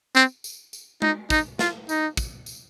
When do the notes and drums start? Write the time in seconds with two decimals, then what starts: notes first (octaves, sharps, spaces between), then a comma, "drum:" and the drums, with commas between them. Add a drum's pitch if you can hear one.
0.15 C4, drum: tambourine
0.44 drum: tambourine
0.73 drum: tambourine
1.02 D#4, drum: tom G#3
1.30 D#4, drum: kick, tambourine
1.59 F4, drum: snare
1.89 D#4, drum: tambourine
2.17 drum: kick, tambourine
2.46 drum: tambourine